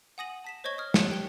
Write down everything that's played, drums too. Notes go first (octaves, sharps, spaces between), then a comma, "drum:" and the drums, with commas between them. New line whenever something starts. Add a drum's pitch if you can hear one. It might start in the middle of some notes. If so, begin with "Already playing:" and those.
F#5 G#5 D#6 A#6 D#7 F#7
A5 B6 E7
C5 C#5 D#5 C#6 G#6 G7
D#6 F6
G4 C#5 A5 F#6 C#7, drum: snare
G5 G7